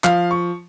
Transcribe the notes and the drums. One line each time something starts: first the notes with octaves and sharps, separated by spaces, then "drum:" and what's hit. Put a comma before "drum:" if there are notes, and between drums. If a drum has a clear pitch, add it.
F3 F5, drum: clap
C#6